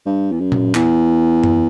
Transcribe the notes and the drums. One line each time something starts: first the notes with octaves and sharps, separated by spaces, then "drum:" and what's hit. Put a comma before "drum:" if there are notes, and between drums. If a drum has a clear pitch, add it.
G2
E2
F#2
drum: tom A#2
E2, drum: clap
drum: tom F#2